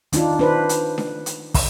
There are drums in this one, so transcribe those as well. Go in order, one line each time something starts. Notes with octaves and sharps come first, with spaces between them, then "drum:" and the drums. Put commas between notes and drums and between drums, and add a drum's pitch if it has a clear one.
D#3 D4 D#4 F4, drum: hi-hat
D4 B4 C5
drum: hi-hat
drum: snare D4
drum: hi-hat
drum: kick, open hi-hat